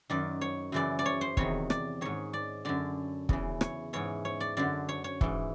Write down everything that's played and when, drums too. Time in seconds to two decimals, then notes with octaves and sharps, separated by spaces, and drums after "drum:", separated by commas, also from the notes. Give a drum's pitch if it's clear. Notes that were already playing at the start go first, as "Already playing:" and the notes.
0.10 F#2 D#3 D5
0.41 C#5
0.72 F#2 C#3 E3 D5
0.99 D5
1.06 C#5
1.21 C5
1.37 E2 C3 D#3 C#5, drum: kick
1.70 D5, drum: rim click
2.01 G#2 D#3 C#5
2.33 D5
2.65 F#2 D3 D5
3.29 E2 C#3 E3, drum: kick
3.61 C#5, drum: rim click
3.93 G#2 E3 C#5
4.25 C#5
4.40 D5
4.57 F#2 D3 D5
4.89 C#5
5.04 C#5
5.21 G#2 E3, drum: kick